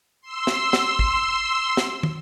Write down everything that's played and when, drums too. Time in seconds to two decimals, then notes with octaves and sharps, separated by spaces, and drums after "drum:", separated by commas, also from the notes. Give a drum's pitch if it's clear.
0.21 C6 E6
0.47 drum: snare
0.73 drum: snare
0.99 drum: kick
1.77 drum: snare
2.03 drum: tom